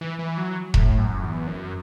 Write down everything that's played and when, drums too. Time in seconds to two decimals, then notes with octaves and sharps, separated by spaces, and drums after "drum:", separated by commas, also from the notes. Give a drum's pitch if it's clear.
0.01 E3
0.19 E3
0.38 F#3
0.74 A2, drum: kick E1
0.98 F#2
1.23 E2
1.47 F#2